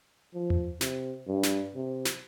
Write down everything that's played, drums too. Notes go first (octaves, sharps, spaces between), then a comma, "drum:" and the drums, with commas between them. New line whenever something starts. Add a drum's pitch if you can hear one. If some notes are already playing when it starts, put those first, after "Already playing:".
F3
drum: tom E2
C3, drum: snare
G2
drum: snare
C3
drum: snare